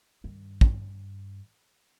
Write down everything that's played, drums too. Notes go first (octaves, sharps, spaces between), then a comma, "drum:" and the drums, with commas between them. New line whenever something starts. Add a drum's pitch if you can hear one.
G2 D#3
drum: kick